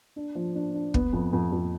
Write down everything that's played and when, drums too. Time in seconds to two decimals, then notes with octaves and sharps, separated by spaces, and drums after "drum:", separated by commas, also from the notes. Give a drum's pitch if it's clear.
0.16 D4
0.35 F3
0.55 D4
0.74 D4
0.94 B3, drum: kick
1.13 F2
1.33 F2
1.52 F2